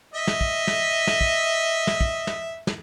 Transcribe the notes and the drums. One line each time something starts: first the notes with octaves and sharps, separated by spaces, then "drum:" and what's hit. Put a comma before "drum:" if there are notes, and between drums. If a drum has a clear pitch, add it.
D#5 E5
drum: snare
drum: kick
drum: snare
drum: snare
drum: kick
drum: snare
drum: kick
drum: snare
drum: snare